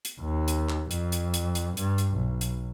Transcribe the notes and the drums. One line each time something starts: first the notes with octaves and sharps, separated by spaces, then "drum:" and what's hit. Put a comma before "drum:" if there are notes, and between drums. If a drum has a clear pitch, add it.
drum: hi-hat
D#2
drum: hi-hat
drum: clap
F2, drum: hi-hat
drum: hi-hat
drum: hi-hat
drum: hi-hat
G2, drum: hi-hat
drum: hi-hat
B1
drum: hi-hat